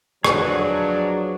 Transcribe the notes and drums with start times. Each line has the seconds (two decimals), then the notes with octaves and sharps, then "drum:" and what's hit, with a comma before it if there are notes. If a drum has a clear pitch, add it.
0.24 F3 F#3 D4 G#4 B4 D#5 F#5, drum: rim click